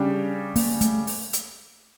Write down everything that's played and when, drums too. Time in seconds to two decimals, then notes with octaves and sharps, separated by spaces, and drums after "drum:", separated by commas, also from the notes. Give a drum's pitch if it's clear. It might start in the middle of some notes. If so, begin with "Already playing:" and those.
Already playing: C#3 G3 C#4 D4 G4
0.56 A#3, drum: open hi-hat
0.81 A3, drum: hi-hat
1.07 drum: open hi-hat
1.33 drum: hi-hat